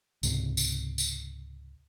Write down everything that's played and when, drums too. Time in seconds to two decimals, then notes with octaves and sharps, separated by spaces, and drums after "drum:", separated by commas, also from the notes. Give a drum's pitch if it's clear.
0.23 C#2 G#2 C3, drum: tambourine
0.57 drum: tambourine
0.98 drum: tambourine